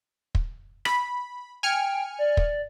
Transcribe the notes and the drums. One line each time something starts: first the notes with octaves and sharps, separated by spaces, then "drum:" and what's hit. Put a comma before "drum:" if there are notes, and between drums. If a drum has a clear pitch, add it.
drum: kick
B5, drum: rim click
G5 G#5 F6 C#7
D5
drum: kick